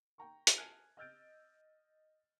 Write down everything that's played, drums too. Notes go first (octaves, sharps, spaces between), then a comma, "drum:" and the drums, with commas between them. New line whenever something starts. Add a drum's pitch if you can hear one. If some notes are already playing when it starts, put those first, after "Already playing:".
G5 A#5 C#6
drum: hi-hat
G#5 A5 F6 F#6 G#6
D#5 E6 F6 G6 A6 D7